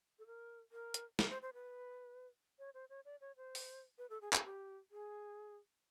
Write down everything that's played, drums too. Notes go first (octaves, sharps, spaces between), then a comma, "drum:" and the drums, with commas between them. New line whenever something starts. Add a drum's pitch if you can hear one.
A4
A#4
A#4
drum: hi-hat
A#4, drum: snare
C5
C5
B4
C#5
C5
C#5
D5
C#5
C5
drum: open hi-hat
B4
A4
G#4
G#4, drum: clap
G4
G#4